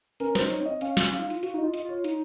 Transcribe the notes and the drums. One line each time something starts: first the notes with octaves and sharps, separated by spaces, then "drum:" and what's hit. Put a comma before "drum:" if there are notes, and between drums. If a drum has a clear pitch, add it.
C#4 A#4, drum: hi-hat
C5, drum: snare
D#4
C#5, drum: hi-hat
C4 D#5
C#4 F5, drum: hi-hat
drum: snare
F4 F5
D#4
F4, drum: hi-hat
F#4 F5, drum: hi-hat
D#4 D#5
F4
D#5, drum: hi-hat
F4 C#5
D#4, drum: hi-hat